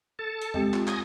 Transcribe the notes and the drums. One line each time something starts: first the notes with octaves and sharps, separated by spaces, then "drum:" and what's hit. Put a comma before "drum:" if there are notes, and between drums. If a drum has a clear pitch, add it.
A4 A5
drum: hi-hat
G#3 C4 G4, drum: tom E2
F4, drum: clap
G#5 D#6 A#6, drum: clap